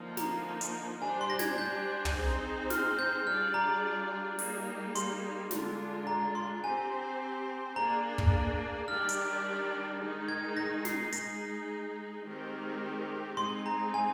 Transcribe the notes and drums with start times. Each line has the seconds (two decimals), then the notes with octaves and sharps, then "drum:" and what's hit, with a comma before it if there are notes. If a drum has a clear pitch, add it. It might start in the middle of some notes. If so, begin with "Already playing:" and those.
Already playing: D3 F3 A#3 D#4
0.17 A#5, drum: snare
0.61 drum: hi-hat
1.01 G3 D4 G4 C5 G#5
1.21 C6
1.30 A#6
1.39 G#6, drum: snare
1.58 G6
2.05 drum: tom
2.14 C4 D#4 G#4 C5
2.70 F6, drum: snare
2.99 G6
3.26 G3 D4 F4 G#4 D5 F6
3.54 A#5
4.39 G3 A#3 D#4 G#4, drum: open hi-hat
4.95 C6, drum: hi-hat
5.51 D3 G#3 D4 F4, drum: snare
6.07 A#5
6.35 C6
6.63 C4 G4 C5 G#5
7.76 A#3 D4 G#4 D5 A#5
8.18 drum: kick
8.88 D#3 G3 D4 G4 D5 F6
9.09 drum: hi-hat
10.00 D#3 G#3 D#4 G#4
10.28 G#6
10.57 A#6
10.85 C7, drum: snare
11.12 G#3 D#4 G#4 A#6, drum: hi-hat
12.25 D#3 G#3 C4 G4 A#4
13.37 G#3 C4 D#4 G#4 C6
13.66 A#5
13.94 G#5